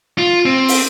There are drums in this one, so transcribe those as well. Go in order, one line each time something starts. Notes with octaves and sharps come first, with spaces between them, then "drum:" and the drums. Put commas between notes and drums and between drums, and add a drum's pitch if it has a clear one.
F4
C4
drum: open hi-hat